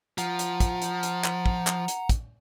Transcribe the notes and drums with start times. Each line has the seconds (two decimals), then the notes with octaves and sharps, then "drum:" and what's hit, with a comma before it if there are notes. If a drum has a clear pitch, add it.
0.18 F3 F#5 A#5, drum: hi-hat
0.39 drum: hi-hat
0.60 drum: kick, hi-hat
0.82 drum: hi-hat
1.03 drum: hi-hat
1.24 drum: clap
1.46 drum: kick
1.67 drum: clap
1.88 drum: hi-hat
2.09 drum: kick, hi-hat